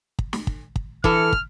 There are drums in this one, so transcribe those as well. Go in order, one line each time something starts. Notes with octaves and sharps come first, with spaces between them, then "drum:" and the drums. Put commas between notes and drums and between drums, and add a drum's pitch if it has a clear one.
drum: kick
drum: snare
drum: kick
drum: kick
E3 A4 F6, drum: kick
drum: kick